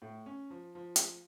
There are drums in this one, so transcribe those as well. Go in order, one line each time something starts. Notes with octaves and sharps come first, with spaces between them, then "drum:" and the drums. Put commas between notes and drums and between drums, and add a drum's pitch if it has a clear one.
A2
C#4
F3
F3
drum: hi-hat